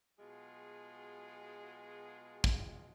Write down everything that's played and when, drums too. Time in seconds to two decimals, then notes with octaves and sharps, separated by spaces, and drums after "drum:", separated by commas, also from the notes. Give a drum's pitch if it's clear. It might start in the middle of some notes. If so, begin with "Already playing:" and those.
0.19 B2 F#3 G#3 F4 G#4
2.44 drum: kick